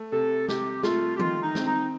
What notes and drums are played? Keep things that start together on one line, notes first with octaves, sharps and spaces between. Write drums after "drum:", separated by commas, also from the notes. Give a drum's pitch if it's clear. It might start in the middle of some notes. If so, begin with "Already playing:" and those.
Already playing: A3
C3 A4
C3 G4, drum: snare
A3 F4, drum: snare
G4
D#3 F4, drum: tom E3
D#4
C4, drum: snare
D#4